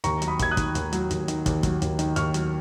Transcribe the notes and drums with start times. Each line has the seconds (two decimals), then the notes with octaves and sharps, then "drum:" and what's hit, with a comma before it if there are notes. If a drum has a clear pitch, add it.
0.04 D#2 A#5 C#6, drum: hi-hat
0.22 F#3, drum: hi-hat
0.28 B5 D#6
0.39 D#2 G#6, drum: kick, hi-hat
0.51 D#6 F#6
0.57 D#3, drum: kick, hi-hat
0.75 D#2, drum: hi-hat
0.93 F#3, drum: hi-hat
1.11 D#2, drum: hi-hat
1.28 D#3, drum: hi-hat
1.46 D#2, drum: kick, hi-hat
1.63 F#3, drum: kick, hi-hat
1.82 D#2, drum: hi-hat
1.99 D#3, drum: hi-hat
2.16 D#2 C#6 F6, drum: hi-hat
2.34 F#3, drum: hi-hat